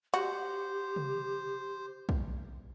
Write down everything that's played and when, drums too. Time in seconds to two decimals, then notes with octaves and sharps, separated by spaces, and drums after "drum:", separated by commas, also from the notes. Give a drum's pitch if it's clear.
0.14 F#4 G4 C5, drum: hi-hat
0.96 drum: tom C3
2.09 drum: kick